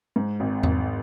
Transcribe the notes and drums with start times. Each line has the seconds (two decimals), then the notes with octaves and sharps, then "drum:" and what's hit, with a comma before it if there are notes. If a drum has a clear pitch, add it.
0.16 G#2
0.40 G#1
0.63 G#1, drum: tom E2